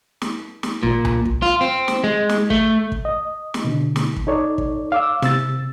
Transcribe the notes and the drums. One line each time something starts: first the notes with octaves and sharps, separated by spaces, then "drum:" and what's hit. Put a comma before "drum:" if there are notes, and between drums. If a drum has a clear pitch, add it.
drum: snare
drum: snare
A#2, drum: kick
drum: tom C2
drum: kick
F4
C4
drum: snare
G#3
drum: snare
A3, drum: kick
drum: kick
D#5
drum: snare
B2 D3
drum: snare
drum: kick
D#4 A4 C#5 D5
drum: kick
F5 D6 E6
C3 E6 A6, drum: snare